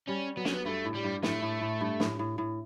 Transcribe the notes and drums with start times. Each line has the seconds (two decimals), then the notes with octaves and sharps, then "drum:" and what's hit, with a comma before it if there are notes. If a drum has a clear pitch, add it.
0.08 G3 C#4
0.37 F#3 B3
0.45 C#4, drum: snare
0.52 B3
0.65 G2 A3
0.85 A2
0.94 G3
1.04 G2
1.23 A2 A3, drum: snare
1.42 A2
1.61 A2
1.81 G2
2.00 A2, drum: snare
2.19 A2
2.38 A2